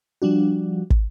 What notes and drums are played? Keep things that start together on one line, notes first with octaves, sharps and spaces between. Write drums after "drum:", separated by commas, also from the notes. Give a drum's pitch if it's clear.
F3 G3 D4 F#4
drum: kick